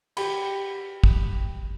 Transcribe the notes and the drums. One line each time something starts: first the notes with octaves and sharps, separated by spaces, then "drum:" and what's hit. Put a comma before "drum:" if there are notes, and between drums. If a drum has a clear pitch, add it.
G4 B5, drum: cymbal
drum: kick